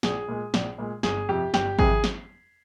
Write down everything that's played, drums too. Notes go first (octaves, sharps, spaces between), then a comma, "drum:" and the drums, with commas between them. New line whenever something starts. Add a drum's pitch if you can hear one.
A#1 G#4, drum: snare
A#2 G#3
A#1, drum: snare
A#2 G#3
G1 G#4, drum: snare
F2 C3 G4
G1 G4, drum: snare
F2 C3 G#4, drum: kick
drum: snare